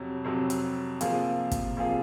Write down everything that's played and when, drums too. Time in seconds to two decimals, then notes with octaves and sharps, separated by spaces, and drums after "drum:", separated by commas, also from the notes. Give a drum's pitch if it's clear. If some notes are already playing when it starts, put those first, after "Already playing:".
Already playing: F2 C3 F#3
0.24 F2 C3 F#3
0.50 drum: hi-hat
1.01 C3 F3 A#3 F4 G#4, drum: hi-hat
1.51 drum: kick, hi-hat
1.77 C3 F3 A#3 F4 G#4